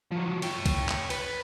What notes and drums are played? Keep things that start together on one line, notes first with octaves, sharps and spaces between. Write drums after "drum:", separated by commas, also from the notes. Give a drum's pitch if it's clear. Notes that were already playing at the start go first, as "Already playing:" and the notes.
F3 F#3
C#5 G5, drum: cymbal
drum: kick B1, cymbal
drum: clap
B4, drum: cymbal